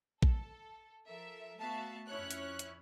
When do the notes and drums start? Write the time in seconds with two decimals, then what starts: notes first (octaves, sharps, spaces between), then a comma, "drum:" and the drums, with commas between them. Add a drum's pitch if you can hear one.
0.22 A4, drum: kick A#1
1.08 F3 A4 A#4 E5
1.59 A3 B3 F#4 E5 F5 A5
2.07 F2 C#4 E4 C#5 F#6
2.31 drum: hi-hat
2.59 drum: hi-hat